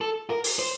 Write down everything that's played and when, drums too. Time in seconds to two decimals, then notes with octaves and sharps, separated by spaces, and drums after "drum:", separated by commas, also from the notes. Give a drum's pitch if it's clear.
0.01 A4
0.30 A#4
0.44 drum: open hi-hat
0.59 C5